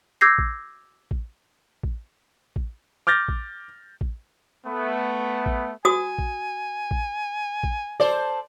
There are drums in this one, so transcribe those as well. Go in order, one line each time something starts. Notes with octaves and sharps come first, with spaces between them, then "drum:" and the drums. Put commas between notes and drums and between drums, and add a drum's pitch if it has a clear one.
D6 E6 G6 G#6 A#6 C7
drum: kick A1
drum: kick A1
drum: kick A1
drum: kick A1
D6 F6 G6 A6 A#6
drum: kick A1
drum: kick A1
A3 B3
drum: kick A1
F#4 G#5 D#6
drum: kick A1
drum: kick A1
drum: kick A1
A4 C5 D5